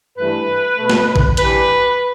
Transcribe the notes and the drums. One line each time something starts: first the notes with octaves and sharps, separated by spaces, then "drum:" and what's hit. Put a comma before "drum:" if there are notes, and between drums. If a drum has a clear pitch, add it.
G2 E3 A3 B4
B2 A3
drum: snare
drum: kick A1
G2 E3 G3 B4, drum: hi-hat